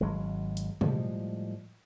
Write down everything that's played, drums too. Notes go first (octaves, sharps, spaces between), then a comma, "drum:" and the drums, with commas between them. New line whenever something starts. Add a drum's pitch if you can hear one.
G#1 F#3 G#3
drum: hi-hat
A2 F3 G3 G#3, drum: tom